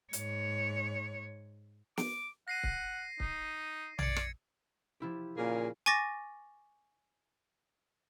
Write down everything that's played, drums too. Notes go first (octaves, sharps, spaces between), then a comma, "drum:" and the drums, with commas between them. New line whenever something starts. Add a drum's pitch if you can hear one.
G#2 C#5, drum: hi-hat
D6, drum: snare
F#5 A#6 C7 D#7
drum: kick C#1
D#4, drum: kick C#1
D5 G#6 C#7, drum: tom A#1
drum: rim click
F3 E4 G4
A#2 C#3 A#3 G#4
G#5 C#6 D6 A6 A#6